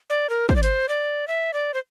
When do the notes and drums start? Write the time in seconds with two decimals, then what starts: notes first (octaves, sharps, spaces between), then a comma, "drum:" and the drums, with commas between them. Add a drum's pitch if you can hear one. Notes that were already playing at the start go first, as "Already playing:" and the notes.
0.10 D5
0.29 A#4
0.49 C5, drum: kick
0.56 D5
0.63 C5, drum: hi-hat
0.89 D5
1.28 E5
1.53 D5
1.74 C5